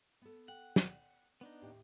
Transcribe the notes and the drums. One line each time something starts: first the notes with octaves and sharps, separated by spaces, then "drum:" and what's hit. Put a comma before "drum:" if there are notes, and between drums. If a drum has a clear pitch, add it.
B3 A4
F#5 G5
drum: snare
B3 D4 D#4
D#2 A2 G4